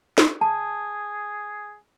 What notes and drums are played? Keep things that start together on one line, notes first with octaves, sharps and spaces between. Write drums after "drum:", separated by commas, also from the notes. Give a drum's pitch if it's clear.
drum: snare
G#4 A5